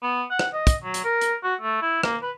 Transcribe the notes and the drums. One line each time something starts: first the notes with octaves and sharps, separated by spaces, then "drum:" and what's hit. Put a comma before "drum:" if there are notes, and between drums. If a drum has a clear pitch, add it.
B3
F#5
drum: rim click
D#5
drum: kick, hi-hat
F#3
drum: hi-hat
A#4
drum: hi-hat
F#4
A3
E4
A#3, drum: rim click
B4